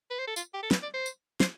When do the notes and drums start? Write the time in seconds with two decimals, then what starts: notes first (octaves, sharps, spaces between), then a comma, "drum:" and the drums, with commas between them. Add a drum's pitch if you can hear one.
0.11 B4
0.19 C5
0.28 A4
0.36 F4, drum: tambourine
0.54 G4
0.63 A4
0.71 B4, drum: snare
0.83 D5
0.94 C5
1.06 drum: tambourine
1.40 C5, drum: snare